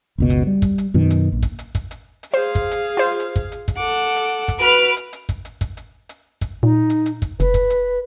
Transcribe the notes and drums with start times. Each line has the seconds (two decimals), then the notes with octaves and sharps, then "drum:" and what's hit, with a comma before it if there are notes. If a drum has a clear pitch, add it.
0.18 F#1 C#2 B2
0.30 drum: hi-hat
0.47 G3
0.62 drum: kick, hi-hat
0.78 drum: hi-hat
0.94 F#2 B2 D#3
1.10 drum: hi-hat
1.32 A#1
1.43 drum: kick, hi-hat
1.59 drum: hi-hat
1.75 drum: kick, hi-hat
1.91 drum: hi-hat
2.23 drum: hi-hat
2.34 G#4 C5 F5
2.55 drum: kick, hi-hat
2.71 drum: hi-hat
2.97 F4 C5
3.20 drum: hi-hat
3.36 drum: kick, hi-hat
3.52 drum: hi-hat
3.68 drum: kick, hi-hat
3.77 A4 F#5 D6
4.16 drum: hi-hat
4.48 drum: kick, hi-hat
4.60 F#4 B4 F6 D7
4.97 drum: hi-hat
5.13 drum: hi-hat
5.29 drum: kick, hi-hat
5.45 drum: hi-hat
5.61 drum: kick, hi-hat
5.77 drum: hi-hat
6.09 drum: hi-hat
6.41 drum: kick, hi-hat
6.63 A#2 D#4
6.90 drum: hi-hat
7.06 drum: hi-hat
7.22 drum: kick, hi-hat
7.40 F1 B4, drum: hi-hat
7.54 drum: kick, hi-hat
7.70 drum: hi-hat